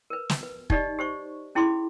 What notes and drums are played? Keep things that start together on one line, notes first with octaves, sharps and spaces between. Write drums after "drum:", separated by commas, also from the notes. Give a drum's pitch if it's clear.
A#4 B4
drum: snare
B4
D#4 G4 D5 D#5, drum: kick
G4 C5 C#6
C#4 E4 G#4 B5 C6 D6